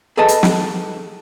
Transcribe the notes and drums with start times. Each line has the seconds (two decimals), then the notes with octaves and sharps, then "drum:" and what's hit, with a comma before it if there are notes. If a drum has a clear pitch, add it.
0.17 G#4 A4 B4 D#5 A5
0.28 drum: hi-hat
0.43 drum: snare